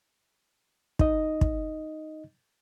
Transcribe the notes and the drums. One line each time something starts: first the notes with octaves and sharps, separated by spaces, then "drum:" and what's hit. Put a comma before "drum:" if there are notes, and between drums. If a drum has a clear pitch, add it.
D#4 D#5, drum: kick
drum: kick